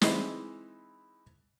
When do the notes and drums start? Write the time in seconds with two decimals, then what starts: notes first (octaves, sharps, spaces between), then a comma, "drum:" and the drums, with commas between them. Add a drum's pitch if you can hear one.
0.01 E3 G#3 C4 D#4 E4, drum: snare